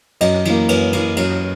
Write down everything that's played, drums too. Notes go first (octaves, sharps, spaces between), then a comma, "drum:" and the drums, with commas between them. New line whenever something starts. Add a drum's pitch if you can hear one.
F#2 D#5, drum: cymbal
E3 A#3, drum: cymbal
F#2 B4, drum: cymbal
E3 A#3, drum: cymbal
F#2, drum: cymbal